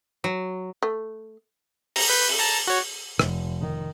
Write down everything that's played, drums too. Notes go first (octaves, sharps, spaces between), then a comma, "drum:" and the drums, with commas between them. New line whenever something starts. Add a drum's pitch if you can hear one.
F#3
A3
A#5, drum: open hi-hat
B4 G6 B6
drum: open hi-hat
A5 A#5
F#4 C#5
F1, drum: rim click
D#3